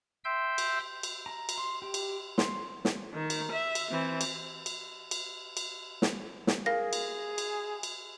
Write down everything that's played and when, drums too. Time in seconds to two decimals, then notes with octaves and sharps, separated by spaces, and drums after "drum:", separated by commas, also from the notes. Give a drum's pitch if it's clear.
0.24 E5 G5 C6 E6 G6
0.58 drum: cymbal
1.03 drum: cymbal
1.26 A#5
1.49 drum: cymbal
1.58 C6
1.82 G4
1.94 drum: cymbal
2.38 C6, drum: snare
2.85 drum: snare
3.13 D#3
3.30 drum: cymbal
3.52 E5
3.75 drum: cymbal
3.91 E3 C4
4.21 drum: cymbal
4.66 drum: cymbal
5.11 drum: cymbal
5.57 drum: cymbal
6.02 drum: snare
6.47 drum: snare
6.66 G#4 A#4 F5 A#6
6.93 drum: cymbal
7.38 drum: cymbal
7.83 drum: cymbal